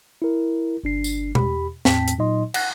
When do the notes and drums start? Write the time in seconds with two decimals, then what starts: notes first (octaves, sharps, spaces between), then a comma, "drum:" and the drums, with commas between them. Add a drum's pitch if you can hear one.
0.22 E4 A#4
0.84 G1 D4 C7
1.04 drum: tambourine
1.35 E2 G4 B5, drum: tom B2
1.85 E2 A2 C4 G5 A5 B6, drum: snare
2.08 drum: hi-hat
2.18 A#2 F#3 D#4 D#5 C6
2.54 F#5 F#6, drum: cymbal